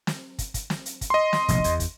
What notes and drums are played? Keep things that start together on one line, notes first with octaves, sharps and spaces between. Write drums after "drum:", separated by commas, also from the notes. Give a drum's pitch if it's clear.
drum: snare
drum: kick, hi-hat
drum: kick, hi-hat
drum: snare
drum: hi-hat
drum: kick, hi-hat
D#5 C6
drum: snare
F1 A#1 B2, drum: hi-hat
E2, drum: kick, hi-hat
drum: kick, hi-hat